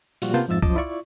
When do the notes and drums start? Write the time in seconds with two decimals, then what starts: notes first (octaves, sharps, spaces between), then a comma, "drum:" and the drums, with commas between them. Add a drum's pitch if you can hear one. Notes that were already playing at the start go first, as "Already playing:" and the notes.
0.22 A#2 F3 G3 F4 F#4, drum: open hi-hat
0.34 C3 A#3 B3 F4 A5 G6
0.48 F2 G#2 F3 E5 E6 A6
0.62 F#2 F3 C5 D#5 A5 D6, drum: kick C2
0.76 E4 F4 D5 C#6